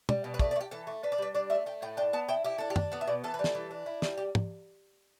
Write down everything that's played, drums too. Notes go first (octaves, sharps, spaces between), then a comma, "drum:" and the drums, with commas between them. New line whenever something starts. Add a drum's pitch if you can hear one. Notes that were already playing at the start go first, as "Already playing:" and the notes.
G3, drum: tom
B2
B4
A3 D5, drum: kick
D5
A3
G4
E3 A4
A3
D4 B4
D5
G3 B4
D4 D5
A3 E5
A3 G5
A2 G5
D4 G5
B3 A5
E4 G5
E4 G4
D4 A4
G4
D4, drum: tom F#2
B3 A4
E5
B2 D5
E3 A4
B4
G3
A4, drum: snare
E3
D4
E4
G3, drum: snare
G4
drum: tom